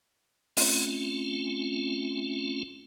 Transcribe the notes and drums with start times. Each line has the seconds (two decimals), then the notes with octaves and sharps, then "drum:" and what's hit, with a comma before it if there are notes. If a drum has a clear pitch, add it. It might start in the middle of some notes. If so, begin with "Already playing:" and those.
0.57 A3 C4 C#4 F4, drum: open hi-hat